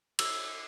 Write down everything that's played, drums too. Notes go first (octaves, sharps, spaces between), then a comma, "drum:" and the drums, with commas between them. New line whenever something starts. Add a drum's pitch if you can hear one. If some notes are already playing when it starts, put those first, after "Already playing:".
E6, drum: cymbal